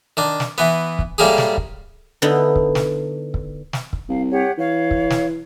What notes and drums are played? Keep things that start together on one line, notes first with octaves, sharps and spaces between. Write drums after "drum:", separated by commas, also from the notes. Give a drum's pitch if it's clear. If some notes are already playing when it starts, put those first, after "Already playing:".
D#3 D4
drum: snare
E3 B3
drum: kick
A2 G3 G#3 A#3 G4 G#4
drum: snare
drum: kick
D3 B3 D#4 E4
drum: kick
drum: snare
drum: kick
drum: snare
drum: kick
C2 F5
G4 C#5 F#5
E3 C#5 F5
drum: kick
drum: snare